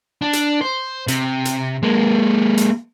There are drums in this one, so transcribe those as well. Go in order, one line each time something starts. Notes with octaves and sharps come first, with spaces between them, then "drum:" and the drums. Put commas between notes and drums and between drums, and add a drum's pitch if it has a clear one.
D4
drum: hi-hat
C5
C3, drum: hi-hat
drum: hi-hat
G#3 A#3
drum: hi-hat